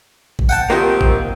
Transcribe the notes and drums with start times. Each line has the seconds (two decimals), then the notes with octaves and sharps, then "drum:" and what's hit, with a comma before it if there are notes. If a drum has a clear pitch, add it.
0.39 drum: kick A1
0.49 F#5 G5 A5
0.70 D#3 A#3 C4 F4 G4
1.01 drum: kick A1